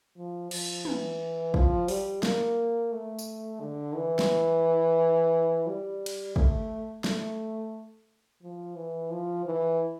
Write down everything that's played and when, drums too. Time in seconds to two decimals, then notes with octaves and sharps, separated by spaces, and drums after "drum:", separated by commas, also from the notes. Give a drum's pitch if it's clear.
0.17 F3
0.51 F3, drum: cymbal
0.85 E3, drum: tom
1.54 F3, drum: kick
1.88 G3, drum: open hi-hat
2.23 A#3, drum: snare
2.92 A3
3.19 drum: tambourine
3.60 D3
3.95 E3
4.19 drum: snare
5.67 G3
6.06 drum: cymbal
6.36 A3, drum: kick
7.04 A3, drum: snare
8.42 F3
8.76 E3
9.10 F3
9.45 E3